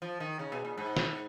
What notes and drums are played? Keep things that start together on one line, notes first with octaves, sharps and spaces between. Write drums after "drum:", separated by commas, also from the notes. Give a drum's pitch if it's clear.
F3
D#3
C#3
B2
A#2
G#2
drum: snare